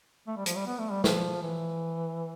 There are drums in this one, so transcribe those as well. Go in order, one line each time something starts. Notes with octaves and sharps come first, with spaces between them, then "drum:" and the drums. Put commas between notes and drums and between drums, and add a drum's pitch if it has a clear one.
A3
G3
F3, drum: hi-hat
G3
B3
A3
G3
F3, drum: snare
E3